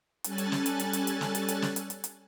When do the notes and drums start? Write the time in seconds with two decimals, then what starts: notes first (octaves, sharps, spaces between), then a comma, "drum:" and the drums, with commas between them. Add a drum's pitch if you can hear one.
0.24 G3 C#4 A4 G#5 F#6 A6, drum: hi-hat
0.38 drum: hi-hat
0.52 drum: snare
0.66 drum: hi-hat
0.80 drum: hi-hat
0.93 drum: hi-hat
1.07 drum: hi-hat
1.21 drum: snare
1.35 drum: hi-hat
1.49 drum: hi-hat
1.62 drum: snare
1.76 drum: hi-hat
1.90 drum: hi-hat
2.04 drum: hi-hat